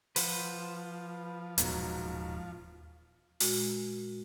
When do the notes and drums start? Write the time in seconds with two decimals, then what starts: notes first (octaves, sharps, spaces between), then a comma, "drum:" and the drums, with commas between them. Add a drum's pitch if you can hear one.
0.16 F3 B4 C5 F#5, drum: open hi-hat
1.58 D#1 G#2 B2 F#3, drum: hi-hat
3.40 A#2 G#3 F#4, drum: open hi-hat